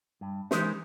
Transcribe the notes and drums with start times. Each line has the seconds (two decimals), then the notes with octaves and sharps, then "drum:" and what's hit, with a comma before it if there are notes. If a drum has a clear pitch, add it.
0.21 G2
0.51 E3 G#3 D#4 G4 A#4 C5, drum: snare